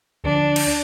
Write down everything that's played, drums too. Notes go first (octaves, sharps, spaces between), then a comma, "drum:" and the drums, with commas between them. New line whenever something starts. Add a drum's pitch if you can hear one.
D2 D3 F3 D4
drum: cymbal